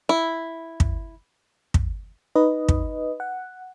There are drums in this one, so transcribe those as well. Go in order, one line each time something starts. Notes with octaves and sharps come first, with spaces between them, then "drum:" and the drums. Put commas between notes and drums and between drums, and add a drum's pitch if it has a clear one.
E4
drum: kick
drum: kick
D#4 B4 D#5
drum: kick
F#5